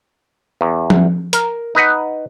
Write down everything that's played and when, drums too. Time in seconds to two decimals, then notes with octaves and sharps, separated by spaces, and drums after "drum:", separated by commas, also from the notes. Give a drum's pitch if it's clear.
0.61 E2
0.90 drum: tom F3
1.33 A#4, drum: hi-hat
1.75 D#4 B4 D#5 F#5